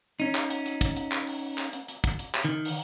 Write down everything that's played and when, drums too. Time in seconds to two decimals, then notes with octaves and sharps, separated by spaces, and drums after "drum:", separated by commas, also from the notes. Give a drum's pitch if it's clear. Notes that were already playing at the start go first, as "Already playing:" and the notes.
0.20 C#4 D#4
0.35 drum: clap
0.50 drum: hi-hat
0.66 drum: hi-hat
0.81 drum: kick, hi-hat
0.96 drum: hi-hat
1.12 drum: clap
1.27 drum: open hi-hat
1.58 drum: clap
1.73 drum: hi-hat
1.88 drum: hi-hat
2.04 drum: kick, hi-hat
2.19 drum: hi-hat
2.34 drum: clap
2.45 D#3
2.65 drum: open hi-hat